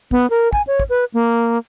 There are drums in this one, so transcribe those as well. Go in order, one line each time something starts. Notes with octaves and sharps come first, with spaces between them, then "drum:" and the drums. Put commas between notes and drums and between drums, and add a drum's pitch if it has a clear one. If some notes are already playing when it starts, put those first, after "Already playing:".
B3, drum: kick
A#4
G#5, drum: kick
C#5
drum: kick
B4
A#3